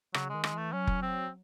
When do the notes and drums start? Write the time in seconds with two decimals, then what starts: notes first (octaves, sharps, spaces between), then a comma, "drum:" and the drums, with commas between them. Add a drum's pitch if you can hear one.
0.14 C#3 F#3, drum: rim click
0.30 D#3 G#3
0.44 G#3, drum: rim click
0.53 E3 A3
0.72 F#3 C#4
0.87 drum: kick F1
1.02 C4